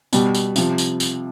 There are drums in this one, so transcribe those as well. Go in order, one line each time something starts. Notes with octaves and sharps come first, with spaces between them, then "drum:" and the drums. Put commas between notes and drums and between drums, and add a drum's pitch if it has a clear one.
B2 G3, drum: tambourine
drum: tambourine
C3 F3, drum: tambourine
drum: tambourine
drum: tambourine